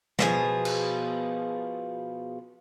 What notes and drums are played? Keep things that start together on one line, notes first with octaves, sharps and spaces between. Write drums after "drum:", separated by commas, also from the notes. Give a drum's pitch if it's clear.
B2 F3 G#4, drum: snare
drum: cymbal